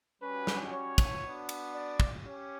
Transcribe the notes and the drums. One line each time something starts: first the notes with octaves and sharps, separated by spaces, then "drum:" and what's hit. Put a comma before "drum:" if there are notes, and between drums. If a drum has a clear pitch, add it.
G3 C#4 F#4 B4
drum: snare
C#5
drum: kick, cymbal
B3 D4 F#4
drum: cymbal
D5
drum: kick
C#4 G4